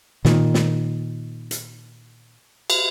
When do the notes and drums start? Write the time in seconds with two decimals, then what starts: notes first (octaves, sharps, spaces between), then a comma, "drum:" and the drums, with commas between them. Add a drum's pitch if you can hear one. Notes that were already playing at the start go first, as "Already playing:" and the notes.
0.25 A#2 D#3, drum: snare
0.54 drum: snare
1.51 drum: hi-hat
2.70 drum: cymbal